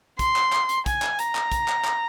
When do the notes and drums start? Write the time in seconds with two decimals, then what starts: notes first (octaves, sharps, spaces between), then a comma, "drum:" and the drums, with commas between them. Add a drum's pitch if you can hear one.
0.19 C6, drum: kick, hi-hat
0.36 drum: clap
0.53 drum: clap
0.69 drum: hi-hat
0.86 G#5, drum: kick, hi-hat
1.02 drum: clap
1.19 A#5, drum: hi-hat
1.35 drum: clap
1.52 drum: kick, hi-hat
1.68 drum: clap
1.85 drum: clap